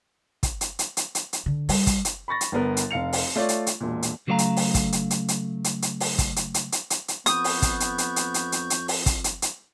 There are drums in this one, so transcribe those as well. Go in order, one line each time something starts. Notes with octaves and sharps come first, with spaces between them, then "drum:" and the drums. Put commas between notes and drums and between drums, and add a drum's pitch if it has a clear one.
drum: kick, hi-hat
drum: hi-hat
drum: hi-hat
drum: hi-hat
drum: hi-hat
drum: hi-hat
D3
G3, drum: open hi-hat
drum: kick, hi-hat
drum: hi-hat
B5 C#6 A6 A#6
drum: hi-hat
G1 B3 A#4
drum: hi-hat
F1 F5 C#7 F7
drum: open hi-hat
A3 F4 C#5 D5
drum: hi-hat
drum: hi-hat
E1 A#2
drum: hi-hat
C#3 F#3 A3 C#5 F5 A#5
drum: hi-hat
drum: open hi-hat
drum: kick, hi-hat
drum: hi-hat
drum: hi-hat
drum: hi-hat
drum: hi-hat
drum: hi-hat
drum: open hi-hat
drum: kick, hi-hat
drum: hi-hat
drum: hi-hat
drum: hi-hat
drum: hi-hat
drum: hi-hat
F2 B3 C#6 D#6 G6, drum: hi-hat
drum: open hi-hat
drum: kick, hi-hat
drum: hi-hat
drum: hi-hat
drum: hi-hat
drum: hi-hat
drum: hi-hat
drum: hi-hat
drum: open hi-hat
drum: kick, hi-hat
drum: hi-hat
drum: hi-hat